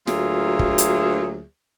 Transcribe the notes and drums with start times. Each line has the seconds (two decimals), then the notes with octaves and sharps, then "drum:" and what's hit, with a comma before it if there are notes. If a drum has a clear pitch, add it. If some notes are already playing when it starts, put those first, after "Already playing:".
0.07 D2 F#3 A#3 F4 G#4 E5, drum: snare
0.59 drum: kick
0.78 drum: hi-hat